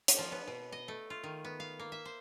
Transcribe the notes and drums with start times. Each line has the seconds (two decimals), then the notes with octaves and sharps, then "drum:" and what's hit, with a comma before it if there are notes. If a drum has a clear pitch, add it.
0.08 drum: hi-hat
0.19 F3
0.32 B3
0.47 B2
0.72 D#5
0.88 A3
1.10 F4
1.24 D#3
1.45 B3
1.60 F5
1.79 A#3
1.92 E5
2.05 C5